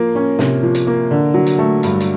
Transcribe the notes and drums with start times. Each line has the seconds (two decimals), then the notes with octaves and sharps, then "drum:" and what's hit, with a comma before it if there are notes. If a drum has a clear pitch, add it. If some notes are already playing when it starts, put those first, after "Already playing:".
Already playing: F3 A#3
0.15 C#4
0.39 C3, drum: snare
0.63 F3
0.75 drum: hi-hat
0.87 A#3
1.11 D3
1.34 F#3
1.47 drum: hi-hat
1.58 A3
1.83 G2, drum: hi-hat
2.01 drum: hi-hat